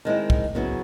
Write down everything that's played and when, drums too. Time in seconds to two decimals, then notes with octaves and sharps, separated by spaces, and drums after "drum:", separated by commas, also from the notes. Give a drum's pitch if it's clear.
0.05 D#3 G#3 C4 E4
0.30 drum: kick
0.55 C#3 F#3 B3 E4